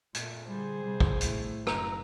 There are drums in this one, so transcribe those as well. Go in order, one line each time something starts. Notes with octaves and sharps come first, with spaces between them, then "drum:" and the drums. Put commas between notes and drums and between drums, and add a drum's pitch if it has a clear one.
A#2 A3, drum: hi-hat
D3 G3 G#4 C5
C3 G3
drum: kick
A2 A3, drum: hi-hat
F#1 A#5, drum: rim click